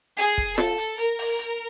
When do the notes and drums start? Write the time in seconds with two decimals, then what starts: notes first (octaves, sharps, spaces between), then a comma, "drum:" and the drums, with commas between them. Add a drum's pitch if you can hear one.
0.18 G#4, drum: hi-hat
0.38 drum: kick
0.58 A4, drum: snare F4
0.78 drum: hi-hat
0.98 A#4, drum: hi-hat
1.19 drum: open hi-hat
1.39 drum: hi-hat